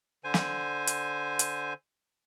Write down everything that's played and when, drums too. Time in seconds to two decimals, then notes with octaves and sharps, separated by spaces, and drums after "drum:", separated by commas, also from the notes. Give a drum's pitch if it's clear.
0.24 D3 C5 G#5
0.34 drum: snare
0.87 drum: hi-hat
1.39 drum: hi-hat